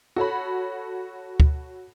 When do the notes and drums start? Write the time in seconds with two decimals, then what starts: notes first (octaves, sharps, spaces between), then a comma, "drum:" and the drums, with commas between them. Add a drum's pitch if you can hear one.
0.16 F#4 A4 C#5 B5
1.40 drum: kick D2